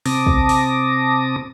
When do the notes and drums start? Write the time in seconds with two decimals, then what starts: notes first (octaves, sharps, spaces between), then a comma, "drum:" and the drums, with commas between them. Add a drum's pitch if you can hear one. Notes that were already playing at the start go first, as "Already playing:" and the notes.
0.06 C3 C4 A5 D6 D#6 A#6, drum: open hi-hat
0.26 drum: kick
0.49 drum: open hi-hat